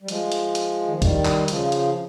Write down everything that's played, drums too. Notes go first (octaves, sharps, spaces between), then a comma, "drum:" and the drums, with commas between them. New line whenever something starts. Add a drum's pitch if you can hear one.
G3
F3 G#3, drum: hi-hat
drum: hi-hat
drum: hi-hat
D#3
F3
D#3 G3, drum: kick, hi-hat
drum: clap
C#3 F3, drum: hi-hat
drum: hi-hat